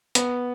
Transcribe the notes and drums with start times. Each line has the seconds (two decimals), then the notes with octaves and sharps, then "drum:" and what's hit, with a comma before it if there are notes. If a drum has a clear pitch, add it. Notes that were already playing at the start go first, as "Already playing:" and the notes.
0.15 B3, drum: hi-hat